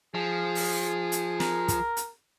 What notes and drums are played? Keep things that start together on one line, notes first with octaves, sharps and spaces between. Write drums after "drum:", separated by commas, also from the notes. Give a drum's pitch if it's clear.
F3 G#4
drum: open hi-hat
drum: hi-hat
A#4, drum: snare
drum: kick, hi-hat
drum: hi-hat